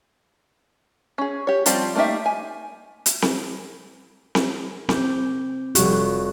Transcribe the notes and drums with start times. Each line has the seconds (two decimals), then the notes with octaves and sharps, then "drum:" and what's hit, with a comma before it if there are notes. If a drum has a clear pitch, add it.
1.18 C#4 G#4
1.47 G4 C#5
1.66 F3 G3 C4 F4 G4, drum: hi-hat
1.95 A3 A#3 D#4 G4 E5
2.26 G#5
3.06 drum: hi-hat
3.22 drum: snare C4
4.35 drum: snare C4
4.89 C4 D6 G6, drum: snare C4
5.75 F1 G3 F#4 G4, drum: hi-hat